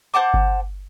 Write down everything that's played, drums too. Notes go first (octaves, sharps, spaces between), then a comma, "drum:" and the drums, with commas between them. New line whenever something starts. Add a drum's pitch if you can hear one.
C5 F#5 A5 D6
drum: kick G1